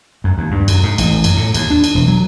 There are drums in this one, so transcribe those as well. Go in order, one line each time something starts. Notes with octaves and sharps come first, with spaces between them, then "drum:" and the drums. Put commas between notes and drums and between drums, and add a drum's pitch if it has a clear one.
F#2
D#2
G2
F#2, drum: cymbal
G#2
A1, drum: cymbal
F#2, drum: cymbal
A2
D#2, drum: cymbal
D4
drum: cymbal
E1
F#3